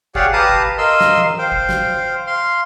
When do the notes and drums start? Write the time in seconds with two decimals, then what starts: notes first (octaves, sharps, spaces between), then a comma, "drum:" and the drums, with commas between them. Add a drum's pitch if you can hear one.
0.15 G4 G#4 C#5 D5 F5 F#5, drum: kick G#1
0.33 G4 B4 F5 A5 A#5 D#6
0.49 drum: kick G#1
0.78 A#4 D#5 F5 C6 E6
1.01 drum: snare
1.18 drum: tom E3
1.39 C5 F5 G5
1.52 drum: kick G#1
1.69 drum: snare
2.27 F5 C6